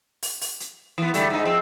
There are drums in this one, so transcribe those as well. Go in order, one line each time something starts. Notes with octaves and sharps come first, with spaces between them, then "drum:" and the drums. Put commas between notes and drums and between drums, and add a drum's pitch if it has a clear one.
drum: open hi-hat
drum: open hi-hat
drum: hi-hat
E3 B3
D3 G3 A3, drum: hi-hat
G#2 D#4
F3 C4